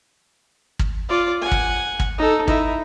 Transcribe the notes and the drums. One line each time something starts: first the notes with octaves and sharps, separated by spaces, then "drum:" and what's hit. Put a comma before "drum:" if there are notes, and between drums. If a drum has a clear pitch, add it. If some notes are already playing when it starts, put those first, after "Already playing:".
drum: kick
F4 D5
F#5 G#5
drum: kick
drum: kick
D#4 A4
D#4 E4, drum: kick